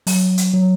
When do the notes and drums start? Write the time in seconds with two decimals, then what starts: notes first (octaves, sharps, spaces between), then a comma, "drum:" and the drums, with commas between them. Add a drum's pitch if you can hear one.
0.07 F#3, drum: open hi-hat
0.38 drum: hi-hat
0.53 F#3